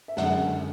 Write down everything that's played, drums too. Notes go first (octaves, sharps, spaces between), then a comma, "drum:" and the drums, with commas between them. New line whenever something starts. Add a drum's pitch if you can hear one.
E5
F#2 D3 G#3 F#5, drum: snare